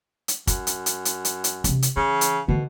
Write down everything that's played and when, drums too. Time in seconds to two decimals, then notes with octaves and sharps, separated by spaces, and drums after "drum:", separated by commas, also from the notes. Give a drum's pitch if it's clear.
0.28 drum: hi-hat
0.47 F#2, drum: kick, hi-hat
0.67 drum: hi-hat
0.86 drum: hi-hat
1.05 drum: hi-hat
1.25 drum: hi-hat
1.44 drum: hi-hat
1.64 C3 C#4, drum: kick, hi-hat
1.82 drum: hi-hat
1.96 C#3 E3
2.21 drum: hi-hat
2.48 B2 D3 D#3